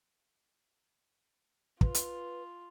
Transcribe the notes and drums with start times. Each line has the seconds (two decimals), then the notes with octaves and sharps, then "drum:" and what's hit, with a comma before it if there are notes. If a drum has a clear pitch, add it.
1.81 F4 B4, drum: kick
1.94 drum: hi-hat